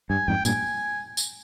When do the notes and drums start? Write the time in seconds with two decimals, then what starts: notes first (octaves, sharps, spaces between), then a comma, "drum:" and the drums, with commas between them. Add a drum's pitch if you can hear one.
0.10 G2 G#5
0.28 F2 G#2 G5
0.45 G2 A#2 G#5, drum: tambourine
1.17 drum: tambourine